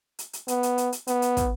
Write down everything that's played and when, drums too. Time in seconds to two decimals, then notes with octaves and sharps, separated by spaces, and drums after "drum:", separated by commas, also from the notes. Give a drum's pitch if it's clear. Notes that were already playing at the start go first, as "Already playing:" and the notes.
0.19 drum: hi-hat
0.33 drum: hi-hat
0.48 B3, drum: hi-hat
0.63 drum: hi-hat
0.78 drum: hi-hat
0.92 drum: hi-hat
1.07 B3, drum: hi-hat
1.22 drum: hi-hat
1.37 drum: kick, hi-hat